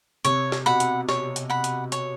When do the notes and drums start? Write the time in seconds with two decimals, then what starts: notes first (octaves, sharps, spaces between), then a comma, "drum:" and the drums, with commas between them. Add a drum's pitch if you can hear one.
0.25 C3 C#5, drum: hi-hat
0.52 drum: snare
0.66 B2 F#5 B5
0.80 drum: hi-hat
1.09 C#5, drum: snare
1.36 drum: hi-hat
1.50 F#5 B5
1.64 drum: hi-hat
1.92 C#5, drum: hi-hat